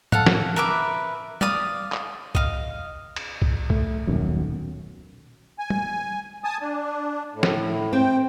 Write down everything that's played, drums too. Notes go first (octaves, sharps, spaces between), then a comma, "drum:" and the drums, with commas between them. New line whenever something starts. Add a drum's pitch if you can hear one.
A4 F5 F#5, drum: tom
drum: snare
A#4 B4 E5 D6
D5 F5 D6 D#6, drum: tom
drum: clap
D#5 F5, drum: kick B1
drum: cymbal
drum: kick B1
A3, drum: kick B1
D#1 B1 F#2
G#5
drum: tom
G#5 A5 D#6
D4
A2
drum: snare
C4 G5